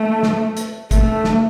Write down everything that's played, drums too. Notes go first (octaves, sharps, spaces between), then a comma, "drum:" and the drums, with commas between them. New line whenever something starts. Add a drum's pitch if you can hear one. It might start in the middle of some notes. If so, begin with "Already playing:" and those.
Already playing: A3
drum: snare
drum: hi-hat
A3, drum: kick, hi-hat
drum: snare